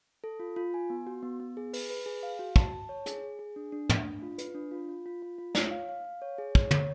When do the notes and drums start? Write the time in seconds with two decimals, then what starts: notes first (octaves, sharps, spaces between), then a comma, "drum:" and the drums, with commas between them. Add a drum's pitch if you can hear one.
0.24 A4
0.40 F4
0.56 F4
0.74 G#5
0.90 B3
1.07 F#4
1.23 B3
1.40 B3
1.57 G#4
1.73 B4, drum: open hi-hat
1.90 B4
2.06 G#4
2.23 F5
2.39 F#4
2.56 A5, drum: kick
2.73 A5
2.89 C#5
3.06 G#4, drum: hi-hat
3.23 G#4
3.39 G#4
3.56 D4
3.72 D4
3.90 A3, drum: tom
4.06 D4
4.22 F4
4.38 B4, drum: hi-hat
4.55 D4
4.72 F4
4.89 F4
5.06 F4
5.22 F4
5.38 F4
5.55 C#5, drum: snare
5.71 F5
5.89 F5
6.04 F5
6.22 C#5
6.38 G#4
6.55 C#5, drum: kick
6.71 C#5, drum: tom